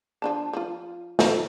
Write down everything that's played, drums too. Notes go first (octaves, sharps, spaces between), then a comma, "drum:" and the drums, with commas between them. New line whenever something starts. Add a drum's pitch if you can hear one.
F3 D4 A5
F3 F4
D#4 A4, drum: snare